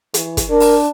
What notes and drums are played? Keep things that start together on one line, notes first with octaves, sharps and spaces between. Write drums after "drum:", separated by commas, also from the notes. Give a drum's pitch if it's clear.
E3, drum: hi-hat
drum: kick, hi-hat
D4 A#4
drum: open hi-hat